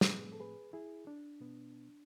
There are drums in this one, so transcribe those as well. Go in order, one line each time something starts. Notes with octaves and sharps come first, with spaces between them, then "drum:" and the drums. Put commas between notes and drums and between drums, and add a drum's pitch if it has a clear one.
C5, drum: snare
A2 F3 A3 C4 G#4 B4
A4
G#4 B4
E4 G#4
D4
B2 B3